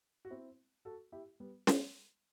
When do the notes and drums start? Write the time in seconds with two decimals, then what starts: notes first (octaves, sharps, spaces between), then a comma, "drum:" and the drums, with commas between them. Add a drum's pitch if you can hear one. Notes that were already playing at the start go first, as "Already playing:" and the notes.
0.25 F#4
0.30 C4 E4
0.85 F#4 A4
1.12 E4 G4
1.40 G3 B3
1.67 G3 B3, drum: snare